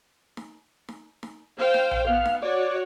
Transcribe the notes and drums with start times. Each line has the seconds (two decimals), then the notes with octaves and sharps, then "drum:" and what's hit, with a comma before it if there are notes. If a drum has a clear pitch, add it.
0.37 drum: snare D#4
0.89 drum: snare D#4
1.23 drum: snare D#4
1.57 C5 F5 G5
1.74 drum: snare D#4
1.91 drum: tom A#1
2.07 B3 F5
2.25 drum: snare D#4
2.42 F#4 C#5 D5